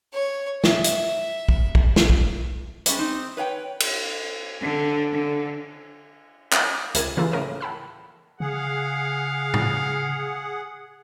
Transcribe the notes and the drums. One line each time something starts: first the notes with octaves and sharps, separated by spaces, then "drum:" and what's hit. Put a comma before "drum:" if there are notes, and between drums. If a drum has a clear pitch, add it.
C#5
E5, drum: snare
drum: hi-hat
drum: kick
drum: kick
drum: snare
drum: kick
G3 G#3 C#4, drum: hi-hat
C4 D#4
B4 C#5 F#5 G5
drum: cymbal
D3
D3
drum: clap
D6
C#2 C3 A#4 G#6 A6 D#7, drum: hi-hat
C#3 E3 A#3 F4 A4
A2 C#3 A#4 D#6 D#7
F#5 G5 A5 B5 E6 F6
C#3 G#4 F5 F#5
drum: tom A2